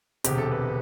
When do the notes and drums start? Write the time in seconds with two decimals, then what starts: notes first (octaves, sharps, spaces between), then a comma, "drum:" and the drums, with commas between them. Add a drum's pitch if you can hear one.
0.24 E1 D2 C3 G4, drum: hi-hat
0.38 A4
0.51 B4
0.65 B4